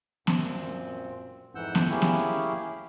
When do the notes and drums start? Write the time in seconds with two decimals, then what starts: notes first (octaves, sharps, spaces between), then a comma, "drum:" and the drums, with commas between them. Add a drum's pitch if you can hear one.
0.27 F#2 A#2 C4, drum: snare B3
1.55 F2 G#2 E3 F#5 E6 G6
1.75 drum: snare B3
1.89 A#3 C#4 E4 G4 G#4
2.02 drum: snare B3